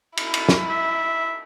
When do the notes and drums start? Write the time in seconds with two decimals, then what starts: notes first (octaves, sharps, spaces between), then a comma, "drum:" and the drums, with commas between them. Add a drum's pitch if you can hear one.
0.17 E4, drum: cymbal
0.34 drum: cymbal
0.49 drum: snare
0.69 E5